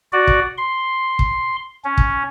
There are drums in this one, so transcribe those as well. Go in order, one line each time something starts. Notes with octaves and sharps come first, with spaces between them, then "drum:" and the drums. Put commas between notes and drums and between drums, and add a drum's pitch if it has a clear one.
F#4 D5
drum: kick
C6
drum: kick
C#4
drum: kick